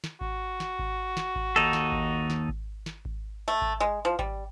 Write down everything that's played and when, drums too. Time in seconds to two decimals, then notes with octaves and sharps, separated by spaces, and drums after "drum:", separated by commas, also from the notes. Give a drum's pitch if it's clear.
0.04 drum: snare
0.21 F#4, drum: kick G#1
0.60 drum: snare
0.79 drum: kick G#1
1.17 drum: snare
1.36 drum: kick G#1
1.56 D#2 D#4 A4
1.73 drum: snare
1.92 drum: kick G#1
2.30 drum: snare
2.49 drum: kick G#1
2.86 drum: snare
3.05 drum: kick G#1
3.48 A3
3.62 drum: kick G#1
3.80 G#3
4.05 F3
4.19 G3, drum: kick G#1